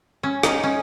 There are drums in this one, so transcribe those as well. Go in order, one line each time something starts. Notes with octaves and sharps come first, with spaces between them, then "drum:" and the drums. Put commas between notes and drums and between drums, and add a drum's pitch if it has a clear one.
C#4
D#4, drum: rim click
C#4